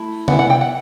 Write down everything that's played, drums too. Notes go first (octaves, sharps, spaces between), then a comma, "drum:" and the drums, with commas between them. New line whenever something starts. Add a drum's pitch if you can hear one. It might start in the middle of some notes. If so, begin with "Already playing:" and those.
Already playing: A3 E4
E3 B3 E4 F#5, drum: tom C3
F#5
G5
F#5